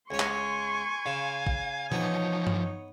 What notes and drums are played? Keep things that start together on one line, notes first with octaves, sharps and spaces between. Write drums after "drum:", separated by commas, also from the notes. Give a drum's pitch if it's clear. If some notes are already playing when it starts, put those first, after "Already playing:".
C#2 C#4 G#5 C6 C#6
drum: clap
C#3 F5
drum: kick
E3 F3 B3 D#4 C#5, drum: tom A#2
drum: tom G2